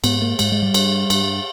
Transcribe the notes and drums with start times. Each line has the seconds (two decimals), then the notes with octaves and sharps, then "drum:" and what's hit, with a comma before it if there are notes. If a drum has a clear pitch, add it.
0.04 G#2 B3, drum: cymbal
0.22 A#3
0.39 G#2 G#3, drum: cymbal
0.52 G#3
0.63 G3
0.74 G2, drum: cymbal
1.10 G2, drum: cymbal